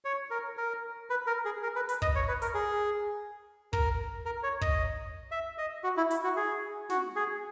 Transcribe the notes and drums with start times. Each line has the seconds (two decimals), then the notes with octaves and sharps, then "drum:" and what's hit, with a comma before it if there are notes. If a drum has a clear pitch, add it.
0.05 C#5
0.30 A#4
0.57 A#4
1.10 B4
1.27 A#4
1.45 G#4
1.63 A#4
1.76 B4
1.89 B4, drum: hi-hat
2.02 D#5, drum: kick
2.15 C#5
2.28 B4
2.42 A#4, drum: hi-hat
2.54 G#4
3.73 A#4, drum: kick
4.25 A#4
4.43 C#5
4.61 D#5, drum: kick
5.32 E5
5.58 D#5
5.83 F#4
5.97 E4
6.11 E4, drum: hi-hat
6.24 F#4
6.36 G#4
6.90 F#4, drum: snare
7.16 G#4